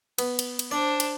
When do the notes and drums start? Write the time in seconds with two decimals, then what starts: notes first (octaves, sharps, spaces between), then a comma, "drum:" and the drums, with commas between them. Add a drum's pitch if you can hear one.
0.18 B3, drum: cymbal
0.39 drum: cymbal
0.59 drum: cymbal
0.71 D4 C5 D5
1.00 drum: cymbal